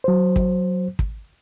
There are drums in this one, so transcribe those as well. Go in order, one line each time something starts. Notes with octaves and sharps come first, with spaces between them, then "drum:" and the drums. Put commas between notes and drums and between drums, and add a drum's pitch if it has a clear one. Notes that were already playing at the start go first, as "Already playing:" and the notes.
F#3 C5
drum: kick
drum: kick